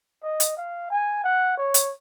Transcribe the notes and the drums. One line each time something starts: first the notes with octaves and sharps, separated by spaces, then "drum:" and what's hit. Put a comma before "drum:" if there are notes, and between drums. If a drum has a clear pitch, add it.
D#5
drum: hi-hat
F5
G#5
F#5
C#5
drum: hi-hat